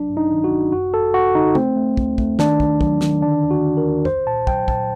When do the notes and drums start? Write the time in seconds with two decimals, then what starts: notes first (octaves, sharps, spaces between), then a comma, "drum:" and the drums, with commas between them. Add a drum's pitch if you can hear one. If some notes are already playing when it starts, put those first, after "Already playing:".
Already playing: A#1 F#3 D4
0.10 G2
0.17 D#4
0.31 D#3
0.44 F#4
0.52 G1
0.72 F#2 F#4
0.93 G1 A4
1.14 G1 F#4
1.35 D3 D#4
1.55 A3 C4, drum: tom
1.76 A3
1.97 D2, drum: kick
2.18 A3, drum: kick
2.39 D#3 D4, drum: snare
2.60 D#2, drum: kick
2.81 F#3, drum: kick
3.01 D#3, drum: snare
3.22 D3 D4
3.44 D#2
3.51 F#4
3.64 D3
3.77 A#4
3.85 D#2
4.05 C2 C5, drum: tom
4.26 A#2 A5
4.47 F#3 G5, drum: kick
4.68 A#2 A5, drum: kick